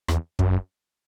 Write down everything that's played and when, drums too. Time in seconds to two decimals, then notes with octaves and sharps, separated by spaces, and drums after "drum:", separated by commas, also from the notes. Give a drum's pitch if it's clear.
0.08 E2, drum: rim click
0.39 F#2, drum: kick